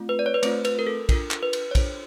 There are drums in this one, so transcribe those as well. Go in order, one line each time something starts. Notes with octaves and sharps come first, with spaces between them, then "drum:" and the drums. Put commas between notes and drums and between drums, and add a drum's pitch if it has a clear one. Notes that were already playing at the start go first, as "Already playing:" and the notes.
Already playing: A3 C4 F4
B4
D5
C#5
B4
A3 C4 F4 C5, drum: cymbal
B4, drum: cymbal
A#4
A4
D4 F4 A4 A#4, drum: kick, cymbal
drum: clap
B4
drum: cymbal
C#5
D4 F4 A4 C5, drum: kick, cymbal